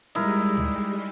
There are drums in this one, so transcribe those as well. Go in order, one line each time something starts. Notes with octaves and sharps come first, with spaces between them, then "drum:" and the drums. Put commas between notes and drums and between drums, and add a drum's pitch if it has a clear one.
G3 G#3 D#4 E4 A#4, drum: snare
drum: tom